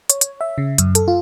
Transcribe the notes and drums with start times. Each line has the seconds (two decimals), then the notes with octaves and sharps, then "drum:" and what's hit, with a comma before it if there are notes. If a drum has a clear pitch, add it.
0.10 C#5, drum: hi-hat
0.21 drum: hi-hat
0.41 E5
0.58 C#3
0.78 F#2, drum: hi-hat
0.95 A4, drum: hi-hat
1.08 F4